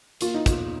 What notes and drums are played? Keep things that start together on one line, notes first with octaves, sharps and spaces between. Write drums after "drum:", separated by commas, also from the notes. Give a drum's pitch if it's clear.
A#3 F4, drum: hi-hat
D#4
B2 F4, drum: kick, hi-hat